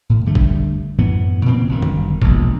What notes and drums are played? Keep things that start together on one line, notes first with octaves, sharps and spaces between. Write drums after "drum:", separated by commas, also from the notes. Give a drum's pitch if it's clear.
A2
G2 D3 G3 A3
drum: kick
F#2 A2 E3 B3
A#2 C#3 E3 C4
G1 F#2 D#3
drum: tom F2
E1 A#1, drum: kick